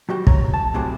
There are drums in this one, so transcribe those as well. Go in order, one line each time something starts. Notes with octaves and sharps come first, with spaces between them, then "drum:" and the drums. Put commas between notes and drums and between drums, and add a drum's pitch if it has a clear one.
F#3 G3 F#4 G4
B1 C#5 A#5, drum: kick
A5
C2 A2 C3 F#3 G4 G#4